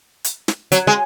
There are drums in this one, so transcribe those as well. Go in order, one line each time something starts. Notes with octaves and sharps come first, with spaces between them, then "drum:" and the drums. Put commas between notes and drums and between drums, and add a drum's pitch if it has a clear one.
drum: hi-hat
drum: snare
F#3, drum: hi-hat
G#3